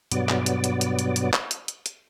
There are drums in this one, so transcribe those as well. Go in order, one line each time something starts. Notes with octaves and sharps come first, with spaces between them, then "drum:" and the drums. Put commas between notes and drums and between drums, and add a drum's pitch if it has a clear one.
G2 B2 F#3 B3 D5, drum: hi-hat
drum: clap
drum: hi-hat
drum: hi-hat
drum: hi-hat
drum: hi-hat
drum: hi-hat
drum: clap
drum: hi-hat
drum: hi-hat
drum: hi-hat